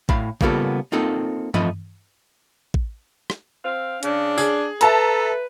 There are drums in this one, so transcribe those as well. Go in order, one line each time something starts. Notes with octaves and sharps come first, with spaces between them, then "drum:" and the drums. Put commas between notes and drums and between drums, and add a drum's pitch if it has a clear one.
A2 F5 B5, drum: kick A1
C#3 G3 A#3 B3 F4 A4, drum: kick A1
A#3 C4 D#4 F4 A4
F2 F3 A3 D#5 B5, drum: tom G2
drum: kick A1
drum: rim click
C4 F5
C#3 D4, drum: hi-hat
G#4, drum: tambourine
A4 B4 E5 A5 A#5, drum: hi-hat